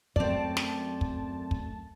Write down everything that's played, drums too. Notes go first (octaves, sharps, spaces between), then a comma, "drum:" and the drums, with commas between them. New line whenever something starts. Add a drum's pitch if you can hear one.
F#2 A3 C4 D5 A5, drum: kick
drum: snare
drum: kick
drum: kick